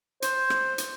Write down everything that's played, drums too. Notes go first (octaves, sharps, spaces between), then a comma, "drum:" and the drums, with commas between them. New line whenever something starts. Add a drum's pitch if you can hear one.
C5, drum: hi-hat
drum: rim click
drum: hi-hat